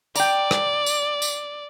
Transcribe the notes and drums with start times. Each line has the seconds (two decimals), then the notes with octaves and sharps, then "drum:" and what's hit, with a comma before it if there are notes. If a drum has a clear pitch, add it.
0.16 D5 G5 A#5, drum: tambourine
0.51 drum: rim click
0.86 drum: tambourine
1.22 drum: tambourine